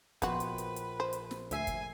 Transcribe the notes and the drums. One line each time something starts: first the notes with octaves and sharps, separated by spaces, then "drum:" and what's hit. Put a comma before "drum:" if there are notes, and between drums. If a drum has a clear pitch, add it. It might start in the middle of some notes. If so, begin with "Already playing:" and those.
A#1 B3 F#4 B4 G5 C6, drum: kick, hi-hat
drum: hi-hat
drum: hi-hat
drum: hi-hat
C5
drum: hi-hat
drum: snare
D2 E5 G#5 C7, drum: hi-hat
drum: kick, hi-hat